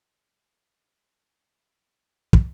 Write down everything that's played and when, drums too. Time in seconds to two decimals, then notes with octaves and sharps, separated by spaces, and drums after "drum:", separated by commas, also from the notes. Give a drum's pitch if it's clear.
1.85 F#4 G5
2.33 drum: kick